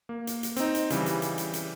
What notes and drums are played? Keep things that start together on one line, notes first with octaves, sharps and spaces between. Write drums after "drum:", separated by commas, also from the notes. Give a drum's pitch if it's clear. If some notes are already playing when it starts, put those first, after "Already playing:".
A#3
drum: hi-hat
drum: hi-hat
C4 D#4, drum: hi-hat
drum: hi-hat
C#3 E3 G3, drum: hi-hat
drum: hi-hat
drum: hi-hat
drum: hi-hat
drum: hi-hat